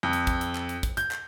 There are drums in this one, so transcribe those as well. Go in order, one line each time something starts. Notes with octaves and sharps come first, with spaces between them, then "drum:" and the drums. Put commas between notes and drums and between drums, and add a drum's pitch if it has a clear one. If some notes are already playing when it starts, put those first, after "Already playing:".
F2
drum: hi-hat
drum: kick, hi-hat
drum: hi-hat
drum: clap
drum: hi-hat
drum: kick, hi-hat
G6, drum: hi-hat
drum: clap